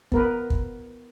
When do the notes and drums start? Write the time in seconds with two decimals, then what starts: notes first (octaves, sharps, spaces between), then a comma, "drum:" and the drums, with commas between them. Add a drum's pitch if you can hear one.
0.12 B3 A#4 B4, drum: kick
0.50 drum: kick